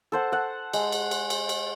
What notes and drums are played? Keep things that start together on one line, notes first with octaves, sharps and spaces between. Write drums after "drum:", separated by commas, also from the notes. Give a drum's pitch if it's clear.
A4 C5 F#5
A4 F#5
G#3, drum: cymbal
drum: cymbal
drum: cymbal
drum: cymbal
drum: cymbal